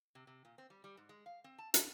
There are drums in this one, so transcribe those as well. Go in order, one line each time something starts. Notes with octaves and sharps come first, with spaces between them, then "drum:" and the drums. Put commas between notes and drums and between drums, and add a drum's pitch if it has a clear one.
C3
C3
A#2
C4
G3
G3
G#2
G#3
F5
C4
A5
D5, drum: hi-hat